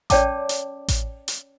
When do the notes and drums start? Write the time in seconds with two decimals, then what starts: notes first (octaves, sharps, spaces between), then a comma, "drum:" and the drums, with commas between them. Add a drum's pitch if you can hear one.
0.10 C#4 C#5 D5 G5 A5 D6, drum: kick A1, hi-hat
0.49 drum: hi-hat
0.88 drum: kick A1, hi-hat
1.28 drum: hi-hat